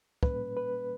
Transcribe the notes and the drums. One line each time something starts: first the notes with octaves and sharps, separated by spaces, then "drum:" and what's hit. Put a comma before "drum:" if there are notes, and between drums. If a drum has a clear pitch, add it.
A#2 G3 A#3 C#4 B4, drum: kick
B4